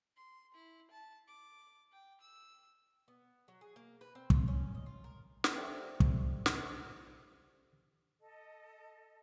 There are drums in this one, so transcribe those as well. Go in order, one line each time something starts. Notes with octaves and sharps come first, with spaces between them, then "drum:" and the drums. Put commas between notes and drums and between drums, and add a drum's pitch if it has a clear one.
C6
E4
A5
D6
G5
E6
B3
F#3
G#4
A#3
B4
C4
F4, drum: kick
C#4
D#5
F4
A#4
drum: snare
G4 A4 C5 D5 E5 G5
drum: kick
drum: snare
A4 D#5